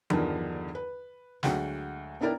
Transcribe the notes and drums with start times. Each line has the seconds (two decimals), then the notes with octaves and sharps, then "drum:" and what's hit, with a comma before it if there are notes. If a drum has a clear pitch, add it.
0.10 E2 G2 D3 D#3 F3, drum: tom F3
0.75 B4
1.43 D2 F#3 G#3 F#5 G5, drum: snare
2.21 B3 D4 E4 A#4 D5 G5